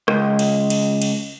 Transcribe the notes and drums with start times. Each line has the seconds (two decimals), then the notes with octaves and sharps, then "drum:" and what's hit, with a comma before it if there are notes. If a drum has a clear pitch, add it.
0.08 C#2, drum: rim click
0.39 drum: cymbal
0.70 drum: cymbal
1.02 drum: cymbal